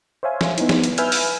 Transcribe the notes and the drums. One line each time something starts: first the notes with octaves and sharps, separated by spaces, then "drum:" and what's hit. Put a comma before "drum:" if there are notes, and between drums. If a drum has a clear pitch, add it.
C5 C#5 E5 F5 G#5
drum: snare
B3 D#4 E4, drum: hi-hat
drum: snare
drum: hi-hat
B4 E5 G#5 E6 F6 G6, drum: hi-hat
drum: open hi-hat